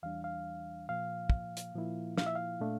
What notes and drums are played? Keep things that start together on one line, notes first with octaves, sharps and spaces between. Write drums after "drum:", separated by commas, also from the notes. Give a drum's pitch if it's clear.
E2 E3 G3 D4 F5
F5
A#2 F3 A#3 F5
drum: kick
drum: hi-hat
A#2 F3 A#3 E4
F5, drum: snare
E5
F5
A#2 A3 D4